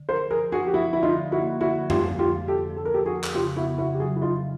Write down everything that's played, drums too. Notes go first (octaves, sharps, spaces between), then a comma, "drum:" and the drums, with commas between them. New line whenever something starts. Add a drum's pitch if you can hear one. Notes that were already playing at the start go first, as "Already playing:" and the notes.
Already playing: D3
F3 A#4 C5
F3 G#4 A#4
F3 F#4 G#4
G4
F3 E4 F#4
D3 E4
D#4 F4
D3
E4 F#4
A#3
D3 E4 F#4
F3
F4 G4, drum: tom F2
F2
F4 G4
F3
D3 G4 A4
F3
A4
A#4
F3 G4 A4
F#4 G#4
F2
drum: clap
C#3 F4 G4
B3 E4 F#4
C#3 E4 F#4
G4
F#3 F#4 G#4
E4
F#3 D#4 F4